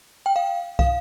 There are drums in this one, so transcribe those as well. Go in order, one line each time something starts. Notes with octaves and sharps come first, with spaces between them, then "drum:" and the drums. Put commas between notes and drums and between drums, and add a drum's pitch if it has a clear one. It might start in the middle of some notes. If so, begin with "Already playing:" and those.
G5
F5
F5, drum: kick